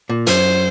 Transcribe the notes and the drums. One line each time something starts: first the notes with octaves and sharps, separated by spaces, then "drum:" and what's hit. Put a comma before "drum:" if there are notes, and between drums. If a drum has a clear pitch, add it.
A#2
F#2 C5, drum: hi-hat